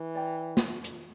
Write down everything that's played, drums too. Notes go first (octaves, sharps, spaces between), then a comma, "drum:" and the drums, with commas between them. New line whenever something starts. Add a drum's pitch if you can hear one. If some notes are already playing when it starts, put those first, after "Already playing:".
Already playing: E3
D5 G5 A#5
D4, drum: snare
drum: hi-hat